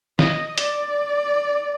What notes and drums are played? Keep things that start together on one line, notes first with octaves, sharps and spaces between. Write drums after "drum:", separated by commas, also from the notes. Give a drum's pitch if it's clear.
D#5, drum: snare
D5, drum: hi-hat